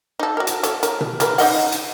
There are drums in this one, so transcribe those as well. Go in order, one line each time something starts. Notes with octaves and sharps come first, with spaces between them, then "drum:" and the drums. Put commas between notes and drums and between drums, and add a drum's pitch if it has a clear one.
D#4 A4
F#4 A#4
drum: hi-hat
A4 C#5, drum: hi-hat
A#4, drum: hi-hat
drum: tom B2
C#3 A#4 B4, drum: hi-hat
D#4 D#5 F#5, drum: open hi-hat
drum: hi-hat